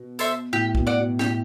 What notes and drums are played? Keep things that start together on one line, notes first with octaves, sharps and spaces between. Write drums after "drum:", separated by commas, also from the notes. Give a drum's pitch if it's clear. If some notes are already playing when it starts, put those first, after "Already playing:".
Already playing: B2
A4 C5 E5, drum: tambourine
A2 G4
B2, drum: kick
D5 F#5
B2
A2 G4, drum: snare